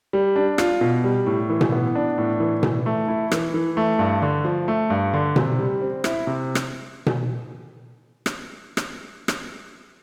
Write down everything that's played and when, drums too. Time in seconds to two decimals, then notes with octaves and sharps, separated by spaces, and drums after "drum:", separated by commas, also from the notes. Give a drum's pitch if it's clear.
0.13 G3
0.36 D4
0.58 F4, drum: rim click
0.81 B2
1.04 G3
1.26 A2
1.50 E3
1.61 drum: tom B2
1.72 B3
1.95 D4
2.18 A2
2.40 E3
2.63 E3, drum: tom B2
2.86 A3
3.08 E4
3.32 E3, drum: rim click
3.54 E3
3.77 A3
3.99 G2
4.22 D3
4.45 F3
4.68 A3
4.90 G2
5.14 D3
5.36 C3, drum: tom B2
5.59 G3
5.82 C4
6.04 E4, drum: rim click
6.27 C3
6.55 drum: rim click
7.06 drum: tom B2
8.26 drum: rim click
8.77 drum: rim click
9.28 drum: rim click